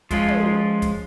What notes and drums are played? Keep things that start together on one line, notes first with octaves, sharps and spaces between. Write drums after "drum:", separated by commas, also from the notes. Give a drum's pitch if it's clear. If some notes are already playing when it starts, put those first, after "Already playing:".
F3 G#3 C#4 F4, drum: kick, hi-hat
drum: tom
drum: kick, hi-hat